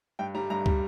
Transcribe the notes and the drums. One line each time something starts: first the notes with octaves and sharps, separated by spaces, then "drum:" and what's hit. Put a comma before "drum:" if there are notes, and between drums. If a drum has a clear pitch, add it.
G2 G5
G3 A#5
G2 A#5
G3, drum: kick